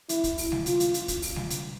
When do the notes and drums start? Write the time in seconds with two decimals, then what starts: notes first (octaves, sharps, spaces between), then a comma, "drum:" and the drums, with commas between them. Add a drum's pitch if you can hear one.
0.09 E4, drum: hi-hat
0.24 drum: kick, hi-hat
0.38 drum: open hi-hat
0.52 drum: snare
0.66 F4, drum: hi-hat
0.80 drum: hi-hat
0.94 drum: hi-hat
1.08 drum: kick, hi-hat
1.22 drum: open hi-hat
1.36 drum: snare
1.50 drum: hi-hat